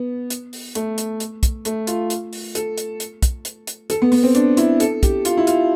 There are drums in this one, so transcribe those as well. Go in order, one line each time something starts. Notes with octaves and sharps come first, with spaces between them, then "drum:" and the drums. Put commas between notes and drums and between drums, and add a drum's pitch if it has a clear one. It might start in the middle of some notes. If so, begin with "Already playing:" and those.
Already playing: B3
drum: hi-hat
drum: open hi-hat
A3, drum: hi-hat
drum: hi-hat
drum: hi-hat
drum: kick, hi-hat
A3, drum: hi-hat
F4, drum: hi-hat
drum: hi-hat
drum: open hi-hat
A4, drum: hi-hat
drum: hi-hat
drum: hi-hat
drum: kick, hi-hat
drum: hi-hat
drum: hi-hat
A4, drum: hi-hat
B3
B3, drum: open hi-hat
C4
D4, drum: hi-hat
E4, drum: hi-hat
A4, drum: hi-hat
G4, drum: kick, hi-hat
F4, drum: hi-hat
E4
F4, drum: hi-hat